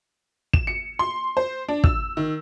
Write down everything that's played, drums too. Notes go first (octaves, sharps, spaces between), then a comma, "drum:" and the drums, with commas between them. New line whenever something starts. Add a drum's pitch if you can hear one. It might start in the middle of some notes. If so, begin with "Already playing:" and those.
E7, drum: kick
C#7
C6
C5
D4
E6, drum: kick
D#3